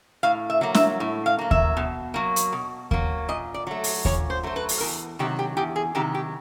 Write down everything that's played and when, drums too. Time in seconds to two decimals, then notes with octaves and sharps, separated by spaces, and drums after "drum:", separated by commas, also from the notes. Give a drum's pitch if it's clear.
0.23 A2 F5
0.50 E5
0.61 F#3 A#3
0.75 E5, drum: snare
1.00 A2
1.26 F5
1.39 F#3 A#3
1.51 E5, drum: kick D#2
1.77 B2
2.14 F#3 A#3
2.36 drum: hi-hat
2.53 B2
2.91 F#3 A#3, drum: kick D#2
3.29 A#2 D#5
3.54 D5
3.67 F#3 A3
3.84 drum: open hi-hat
4.05 A#2 C#5, drum: kick D#2
4.30 C5
4.43 F#3 A3 C5
4.56 B4
4.69 drum: open hi-hat
4.80 E2 A#4
5.19 C3 D#3 F#3 G4
5.39 G4
5.57 E2 G4
5.76 G#4
5.95 C3 D#3 F#3 G4
6.15 G4